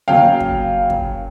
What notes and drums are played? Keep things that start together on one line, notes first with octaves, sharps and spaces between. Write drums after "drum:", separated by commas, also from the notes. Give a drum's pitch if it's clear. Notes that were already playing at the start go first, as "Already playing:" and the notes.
C#3 F#3 A#3 F5 G5
drum: kick
drum: kick